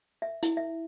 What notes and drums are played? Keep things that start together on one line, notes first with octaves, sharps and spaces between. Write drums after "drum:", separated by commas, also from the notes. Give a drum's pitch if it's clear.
E5
E4, drum: hi-hat
E5